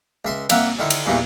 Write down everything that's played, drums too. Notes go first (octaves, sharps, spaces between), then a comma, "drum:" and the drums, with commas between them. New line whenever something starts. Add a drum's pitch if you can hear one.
C#2 E5 C6
C2 A#3 E5 F#5 G5, drum: cymbal
D3 D#3 E4
drum: cymbal
E2 G2 A#2 E3